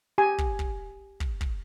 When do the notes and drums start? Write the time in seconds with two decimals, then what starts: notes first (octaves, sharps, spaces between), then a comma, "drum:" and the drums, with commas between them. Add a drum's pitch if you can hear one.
0.18 G4 G#5
0.38 drum: kick
0.59 drum: kick
1.20 drum: kick
1.41 drum: kick